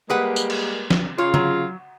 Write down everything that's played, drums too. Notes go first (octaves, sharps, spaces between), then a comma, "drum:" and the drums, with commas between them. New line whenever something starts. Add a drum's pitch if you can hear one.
G3 G#3 A#3 G#4 B4 F#5
drum: tambourine
drum: cymbal
drum: snare F3
C#3 F4 C#5
F#3, drum: tom C#3